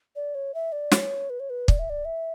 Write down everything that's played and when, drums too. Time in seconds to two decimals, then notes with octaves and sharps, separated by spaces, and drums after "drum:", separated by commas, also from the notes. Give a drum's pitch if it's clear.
0.16 D5
0.35 C#5
0.54 E5
0.72 D5
0.92 C#5, drum: snare
1.30 B4
1.40 C#5
1.50 B4
1.68 D5, drum: kick
1.79 E5
1.90 D5
2.05 E5